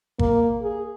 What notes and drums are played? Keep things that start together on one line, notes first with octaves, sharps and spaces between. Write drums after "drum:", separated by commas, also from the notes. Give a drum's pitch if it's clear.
A#3, drum: kick
G#4